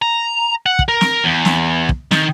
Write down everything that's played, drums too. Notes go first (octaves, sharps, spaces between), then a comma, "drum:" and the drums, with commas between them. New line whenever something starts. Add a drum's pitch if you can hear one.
A#5
F#5
drum: kick
A#4
drum: snare
E2
drum: snare
drum: kick
D#3, drum: snare